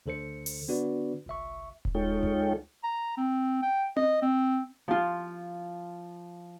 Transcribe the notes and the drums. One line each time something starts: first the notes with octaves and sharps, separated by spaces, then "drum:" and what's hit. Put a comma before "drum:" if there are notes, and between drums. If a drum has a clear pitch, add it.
D2 D3 A4 C5 C#7
drum: open hi-hat
D3 B3 D4 F#4 B4 D5
G1 C2 E5 C#6
drum: kick D#1
G#3 D#4 F4 A4 C#5 G5
drum: tom C#2
A#5
C4
G5
D#5, drum: tom C4
C4
F3 F4